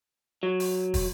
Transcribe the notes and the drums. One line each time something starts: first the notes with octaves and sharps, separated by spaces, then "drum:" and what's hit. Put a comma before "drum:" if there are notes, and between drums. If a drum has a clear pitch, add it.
F#3
drum: open hi-hat
drum: kick, open hi-hat